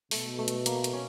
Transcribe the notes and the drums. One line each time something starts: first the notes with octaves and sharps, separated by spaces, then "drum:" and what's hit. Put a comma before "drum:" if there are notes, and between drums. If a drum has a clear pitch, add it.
B2 A3, drum: open hi-hat
A3
drum: hi-hat
A#3, drum: hi-hat
drum: hi-hat
C#4